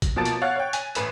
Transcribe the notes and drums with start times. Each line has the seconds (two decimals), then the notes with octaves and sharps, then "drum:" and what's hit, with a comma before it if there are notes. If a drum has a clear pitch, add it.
0.02 drum: kick, hi-hat
0.16 B2 F3 A#3 A5 A6 D7
0.25 drum: hi-hat
0.42 C#5 F5 F#5 F#6 A6
0.56 C#5 G5
0.73 G#5, drum: hi-hat
0.95 A1 B4 E7, drum: hi-hat